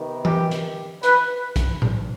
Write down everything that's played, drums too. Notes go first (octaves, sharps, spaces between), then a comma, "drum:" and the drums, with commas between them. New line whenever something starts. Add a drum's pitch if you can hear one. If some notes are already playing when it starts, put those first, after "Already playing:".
Already playing: C3 D#3 B3
G4, drum: tom E3
drum: hi-hat
B4, drum: hi-hat
drum: kick, hi-hat
drum: tom A2